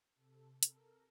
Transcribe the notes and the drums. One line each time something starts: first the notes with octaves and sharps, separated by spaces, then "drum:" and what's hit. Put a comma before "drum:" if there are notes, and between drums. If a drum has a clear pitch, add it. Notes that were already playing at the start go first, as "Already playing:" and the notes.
C3 A4
A4 A#4, drum: hi-hat